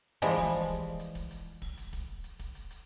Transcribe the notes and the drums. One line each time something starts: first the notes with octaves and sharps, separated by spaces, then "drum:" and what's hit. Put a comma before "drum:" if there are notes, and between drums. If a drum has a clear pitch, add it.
E3 F3 G3 G#3, drum: hi-hat
drum: kick, open hi-hat
drum: hi-hat
drum: kick, hi-hat
drum: hi-hat
drum: kick, hi-hat
drum: hi-hat
drum: kick, open hi-hat
drum: hi-hat
drum: kick, hi-hat
drum: hi-hat
drum: kick, hi-hat
drum: hi-hat
drum: hi-hat